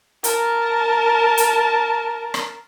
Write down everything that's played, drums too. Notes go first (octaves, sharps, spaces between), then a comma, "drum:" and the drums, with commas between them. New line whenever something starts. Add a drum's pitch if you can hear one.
A#4 A5, drum: hi-hat
drum: hi-hat
drum: rim click